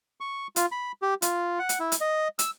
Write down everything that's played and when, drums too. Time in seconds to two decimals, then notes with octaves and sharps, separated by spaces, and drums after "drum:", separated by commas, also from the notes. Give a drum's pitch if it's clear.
0.20 C#6
0.56 F4, drum: hi-hat
0.72 B5
1.02 G4
1.22 F4, drum: hi-hat
1.59 F#5
1.69 drum: hi-hat
1.80 E4
1.92 drum: hi-hat
2.01 D#5
2.39 E6, drum: hi-hat